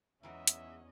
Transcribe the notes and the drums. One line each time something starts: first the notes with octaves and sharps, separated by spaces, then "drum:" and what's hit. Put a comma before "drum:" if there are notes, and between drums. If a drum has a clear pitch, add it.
E2 G#2 E3 F#3 C#4 D#5 E5
drum: hi-hat